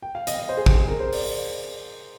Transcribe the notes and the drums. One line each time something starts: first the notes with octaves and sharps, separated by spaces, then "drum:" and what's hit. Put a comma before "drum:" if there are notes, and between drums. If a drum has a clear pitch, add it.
G5
F5
D#5, drum: hi-hat
D#5
C5
G#4
G4, drum: kick
G#4
A#4
C5
D5, drum: open hi-hat